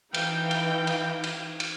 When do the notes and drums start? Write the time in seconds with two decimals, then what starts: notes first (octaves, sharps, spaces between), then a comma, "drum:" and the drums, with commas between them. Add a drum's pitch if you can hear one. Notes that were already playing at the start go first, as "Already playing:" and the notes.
0.14 E3 D#4 F5 G5, drum: cymbal
0.51 drum: cymbal
0.87 drum: cymbal
1.24 drum: cymbal
1.60 drum: cymbal